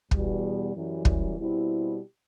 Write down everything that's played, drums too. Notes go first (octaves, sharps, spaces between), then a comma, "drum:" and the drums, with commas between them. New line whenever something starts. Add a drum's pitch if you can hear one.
E2 B2 G3, drum: kick
F#2 E3 G3
drum: kick
B2 G3 C4 E4 G4